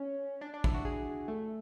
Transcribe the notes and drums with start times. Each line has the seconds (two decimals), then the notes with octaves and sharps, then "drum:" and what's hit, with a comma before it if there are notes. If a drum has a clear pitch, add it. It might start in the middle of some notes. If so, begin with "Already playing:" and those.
Already playing: C#4
0.41 D4
0.54 D4
0.64 E4, drum: kick
0.74 F#4
0.85 G#4
1.28 A3